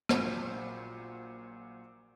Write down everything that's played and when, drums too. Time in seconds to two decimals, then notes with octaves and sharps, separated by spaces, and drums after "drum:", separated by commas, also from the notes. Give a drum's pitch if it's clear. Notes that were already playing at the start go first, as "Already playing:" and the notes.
0.09 A#1 A#2 F#3 C5 B5, drum: rim click